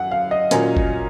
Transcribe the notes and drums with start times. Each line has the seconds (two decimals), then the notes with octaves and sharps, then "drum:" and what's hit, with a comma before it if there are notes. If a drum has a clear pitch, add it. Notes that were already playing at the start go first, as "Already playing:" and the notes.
Already playing: F#2 F#5
0.11 F5
0.31 D#5
0.51 A#2 F#3 A#3 C#4, drum: hi-hat
0.77 drum: kick